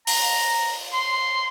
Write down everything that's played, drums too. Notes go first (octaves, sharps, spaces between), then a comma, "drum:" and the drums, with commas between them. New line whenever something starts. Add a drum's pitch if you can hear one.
A#5, drum: open hi-hat
C6